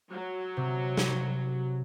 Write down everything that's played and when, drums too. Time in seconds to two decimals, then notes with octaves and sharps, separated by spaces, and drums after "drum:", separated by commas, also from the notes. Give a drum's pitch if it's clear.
0.10 F#3
0.57 C3
0.97 drum: snare